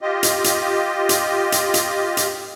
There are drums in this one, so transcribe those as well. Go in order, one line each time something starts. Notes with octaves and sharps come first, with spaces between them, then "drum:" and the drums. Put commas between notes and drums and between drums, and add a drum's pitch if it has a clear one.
F4 G4 D#5
drum: hi-hat
drum: hi-hat
drum: hi-hat
drum: hi-hat
drum: hi-hat
drum: hi-hat